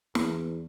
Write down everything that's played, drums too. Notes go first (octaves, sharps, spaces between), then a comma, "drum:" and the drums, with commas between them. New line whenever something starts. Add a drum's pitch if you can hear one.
E2, drum: snare